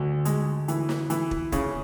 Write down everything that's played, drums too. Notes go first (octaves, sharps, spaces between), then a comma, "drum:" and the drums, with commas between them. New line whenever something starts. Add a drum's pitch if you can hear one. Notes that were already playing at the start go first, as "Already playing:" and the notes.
Already playing: D2 D3
G#3, drum: hi-hat
E3, drum: hi-hat
drum: snare
E3, drum: hi-hat
drum: kick
C#3, drum: kick, hi-hat